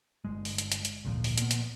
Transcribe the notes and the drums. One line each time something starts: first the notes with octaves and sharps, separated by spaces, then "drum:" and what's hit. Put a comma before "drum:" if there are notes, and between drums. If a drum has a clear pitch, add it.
G1 G#3
drum: open hi-hat
drum: hi-hat
drum: hi-hat
drum: hi-hat
G#1 D2 A#2 F3
drum: open hi-hat
A#2 B3, drum: hi-hat
drum: hi-hat